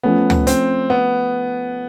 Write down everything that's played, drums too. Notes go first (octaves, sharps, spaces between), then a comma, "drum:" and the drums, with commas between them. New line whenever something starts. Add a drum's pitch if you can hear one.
F3 A3 B3 C#4
drum: tom D2
C4, drum: hi-hat
B3